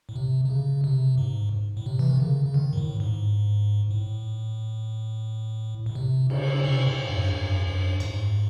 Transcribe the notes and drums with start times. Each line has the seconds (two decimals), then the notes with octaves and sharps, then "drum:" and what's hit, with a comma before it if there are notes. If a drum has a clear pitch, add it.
0.09 A2
0.16 C3
0.45 C3
0.50 C#3
0.84 C3
1.18 G#2
1.77 A2
1.86 C3
1.99 E3
2.09 D#3
2.20 C#3
2.46 C#3
2.54 D#3
2.73 G#2
2.77 A2
3.00 G#2
3.91 A2
5.86 A2
5.95 C3
6.30 C#3, drum: cymbal
6.64 C3
6.87 A2
7.10 F#2
7.24 G#2
7.32 F#2
7.66 F#2
8.00 G#2, drum: cymbal